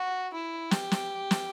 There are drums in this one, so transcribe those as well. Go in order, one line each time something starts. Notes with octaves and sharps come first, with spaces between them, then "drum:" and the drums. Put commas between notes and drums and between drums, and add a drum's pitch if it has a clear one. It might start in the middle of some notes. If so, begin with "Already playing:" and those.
Already playing: F#4
E4
G4, drum: snare
drum: snare
drum: snare